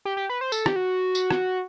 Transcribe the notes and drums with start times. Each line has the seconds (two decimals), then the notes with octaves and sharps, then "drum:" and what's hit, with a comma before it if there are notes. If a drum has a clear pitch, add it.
0.05 G4
0.17 G4
0.30 B4
0.41 C5
0.52 A4, drum: tambourine
0.66 G4, drum: rim click
0.76 F#4
1.15 drum: tambourine
1.31 drum: rim click